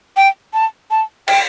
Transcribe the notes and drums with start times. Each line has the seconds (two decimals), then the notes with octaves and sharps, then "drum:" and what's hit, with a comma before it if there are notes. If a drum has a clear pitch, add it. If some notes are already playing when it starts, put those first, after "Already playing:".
0.17 G5
0.54 A5
0.91 A5
1.28 G5, drum: cymbal